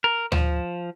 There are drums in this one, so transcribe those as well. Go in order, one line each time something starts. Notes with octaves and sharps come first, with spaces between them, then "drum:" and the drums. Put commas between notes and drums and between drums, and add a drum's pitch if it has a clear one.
A#4
F3, drum: tom D2